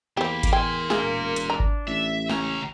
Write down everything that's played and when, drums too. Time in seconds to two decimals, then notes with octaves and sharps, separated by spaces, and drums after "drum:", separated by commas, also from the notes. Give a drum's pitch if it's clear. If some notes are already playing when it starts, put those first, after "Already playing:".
0.17 E2 A#3 G4 C5 B5
0.43 drum: kick G#1, hi-hat
0.53 A#4 G5 G#5 C6
0.90 E1 A#3 G#4, drum: snare
1.36 drum: hi-hat
1.50 D4 A#5
1.60 drum: kick G#1
1.88 A1 E5
2.29 C#2 C#4 A#5, drum: snare